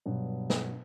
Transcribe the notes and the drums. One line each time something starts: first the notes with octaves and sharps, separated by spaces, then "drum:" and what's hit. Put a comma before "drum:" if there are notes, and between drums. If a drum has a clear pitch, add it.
G2 B2 F#3
drum: snare